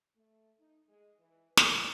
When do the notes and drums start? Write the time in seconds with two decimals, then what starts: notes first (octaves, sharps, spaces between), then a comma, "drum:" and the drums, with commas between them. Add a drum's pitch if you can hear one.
0.17 A3
0.59 D#4
0.88 G#3
1.19 E3
1.57 A3, drum: snare